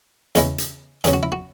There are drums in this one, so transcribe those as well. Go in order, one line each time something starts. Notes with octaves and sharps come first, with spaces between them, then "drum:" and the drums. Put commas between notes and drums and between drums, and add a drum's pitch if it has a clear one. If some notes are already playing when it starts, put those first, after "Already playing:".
E2 C#3 G#3 C#4 E4, drum: hi-hat
drum: hi-hat
E2 C#3 F#3 C#4 G#4, drum: hi-hat
F#4
E4
F#4